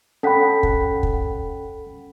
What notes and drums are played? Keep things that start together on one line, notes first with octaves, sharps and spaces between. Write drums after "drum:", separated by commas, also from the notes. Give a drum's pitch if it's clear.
C#4 A4 F#5 G5 B5 B6
drum: kick
drum: kick